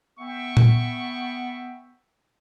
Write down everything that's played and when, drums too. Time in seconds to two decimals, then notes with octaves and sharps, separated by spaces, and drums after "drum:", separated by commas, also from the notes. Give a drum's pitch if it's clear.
0.20 B3 E5 G5 C#6
0.57 drum: tom A#2